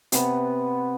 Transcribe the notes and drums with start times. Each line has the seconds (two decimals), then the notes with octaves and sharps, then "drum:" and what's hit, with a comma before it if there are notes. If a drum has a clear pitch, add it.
0.12 C3 B3, drum: hi-hat